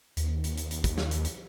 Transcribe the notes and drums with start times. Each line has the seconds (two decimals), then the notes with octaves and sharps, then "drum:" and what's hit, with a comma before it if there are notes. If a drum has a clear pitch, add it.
0.17 D#2, drum: hi-hat
0.44 drum: hi-hat
0.57 drum: hi-hat
0.71 drum: hi-hat
0.84 drum: kick, hi-hat
0.98 drum: snare
1.11 drum: hi-hat
1.25 drum: hi-hat